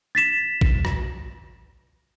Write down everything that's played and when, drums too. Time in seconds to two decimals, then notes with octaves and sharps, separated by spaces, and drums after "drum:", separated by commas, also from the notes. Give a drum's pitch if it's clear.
0.15 A6 B6 E7
0.61 drum: kick
0.85 drum: rim click